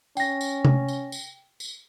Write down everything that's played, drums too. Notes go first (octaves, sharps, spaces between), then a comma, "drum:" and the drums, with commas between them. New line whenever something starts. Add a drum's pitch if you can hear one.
C#4 G5 A#6, drum: tambourine
drum: tambourine
drum: tom C3
drum: tambourine
drum: tambourine
drum: tambourine